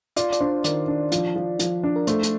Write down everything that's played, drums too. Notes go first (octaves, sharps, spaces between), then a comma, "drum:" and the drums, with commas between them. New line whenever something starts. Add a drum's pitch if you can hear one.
F4 D5, drum: hi-hat
D5, drum: hi-hat
D4 C5
D#3 D5, drum: hi-hat
D4
F3, drum: hi-hat
F3
F3, drum: hi-hat
D4
A#4
A3 C5, drum: hi-hat
drum: hi-hat